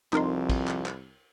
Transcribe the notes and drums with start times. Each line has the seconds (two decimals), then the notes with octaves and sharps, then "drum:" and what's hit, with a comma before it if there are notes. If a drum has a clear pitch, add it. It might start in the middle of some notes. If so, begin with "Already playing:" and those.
0.13 C2 F2 D#4 A#4 C6, drum: clap
0.50 drum: kick, cymbal
0.68 drum: clap
0.86 drum: clap